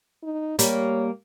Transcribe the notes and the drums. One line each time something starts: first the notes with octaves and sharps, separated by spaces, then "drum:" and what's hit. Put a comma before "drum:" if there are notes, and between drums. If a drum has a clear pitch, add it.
D#4
G3 A#3 C#5, drum: hi-hat